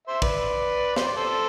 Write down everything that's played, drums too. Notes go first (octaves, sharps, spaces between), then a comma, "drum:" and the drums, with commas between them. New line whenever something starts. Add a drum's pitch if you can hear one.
C5 E5
B4 D5, drum: kick
C5, drum: snare
D5
A4 C5